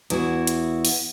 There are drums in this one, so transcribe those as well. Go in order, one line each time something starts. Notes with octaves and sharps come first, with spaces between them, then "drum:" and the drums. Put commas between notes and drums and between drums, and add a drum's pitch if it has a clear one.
E2 E4 F#4, drum: hi-hat
drum: hi-hat
drum: open hi-hat